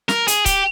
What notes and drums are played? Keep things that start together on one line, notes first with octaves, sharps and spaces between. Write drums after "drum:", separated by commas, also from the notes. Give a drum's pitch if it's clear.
A#4, drum: snare
G#4, drum: hi-hat
G4, drum: kick C#1, hi-hat